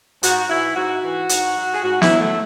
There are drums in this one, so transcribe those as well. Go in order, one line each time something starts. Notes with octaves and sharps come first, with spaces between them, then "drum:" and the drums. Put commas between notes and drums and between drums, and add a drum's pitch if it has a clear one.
G#2 F#4, drum: hi-hat
E3 E4
G#2 F#4
E3
G#2, drum: hi-hat
F#3
G#4
G#2 F#4
E4, drum: snare
F#3
A3